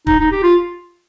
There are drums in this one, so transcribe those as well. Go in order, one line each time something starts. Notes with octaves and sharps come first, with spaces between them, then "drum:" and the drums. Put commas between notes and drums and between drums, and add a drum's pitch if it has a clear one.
D#4, drum: kick
D#4
G4
F4